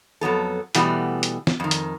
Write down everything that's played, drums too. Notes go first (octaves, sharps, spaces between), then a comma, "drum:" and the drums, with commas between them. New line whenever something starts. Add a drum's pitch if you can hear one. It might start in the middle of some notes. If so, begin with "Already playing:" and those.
F2 F#3 B3 A4
B2 E3 G3 A3 B3 F#4, drum: hi-hat
drum: hi-hat
drum: snare
F2 D#3
drum: hi-hat